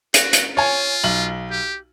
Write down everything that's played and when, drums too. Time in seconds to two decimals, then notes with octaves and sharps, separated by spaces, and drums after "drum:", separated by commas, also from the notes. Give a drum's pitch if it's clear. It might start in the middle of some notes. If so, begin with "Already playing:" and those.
0.14 F#4, drum: hi-hat
0.33 drum: hi-hat
0.57 F4 C#5 G#5
1.04 B1 F#7
1.51 G4